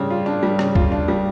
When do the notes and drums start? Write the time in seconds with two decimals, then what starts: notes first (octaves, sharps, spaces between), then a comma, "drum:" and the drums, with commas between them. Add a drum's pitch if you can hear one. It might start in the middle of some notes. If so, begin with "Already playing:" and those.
Already playing: C#3 G3 D4
0.10 F4
0.26 D4
0.43 G3
0.59 C#3, drum: rim click
0.75 F4, drum: kick
0.92 D4
1.08 G3